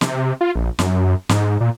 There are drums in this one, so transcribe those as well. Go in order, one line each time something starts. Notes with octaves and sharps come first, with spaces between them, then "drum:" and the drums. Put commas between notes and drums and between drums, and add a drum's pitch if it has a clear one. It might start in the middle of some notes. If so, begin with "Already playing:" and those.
C3, drum: snare
F4
A#1
F#2, drum: snare
G#2, drum: snare
A#2